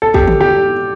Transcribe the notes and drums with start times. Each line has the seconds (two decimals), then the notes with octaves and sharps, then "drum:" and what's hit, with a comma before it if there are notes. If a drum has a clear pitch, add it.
0.02 A4
0.14 G4, drum: kick
0.28 drum: tom D3
0.41 G4